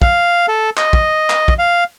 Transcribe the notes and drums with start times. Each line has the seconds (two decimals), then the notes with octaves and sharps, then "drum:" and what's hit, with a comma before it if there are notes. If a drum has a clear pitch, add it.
0.02 F5, drum: kick
0.48 A4
0.77 D#5, drum: clap
0.93 drum: kick
1.30 drum: clap
1.48 drum: kick
1.59 F5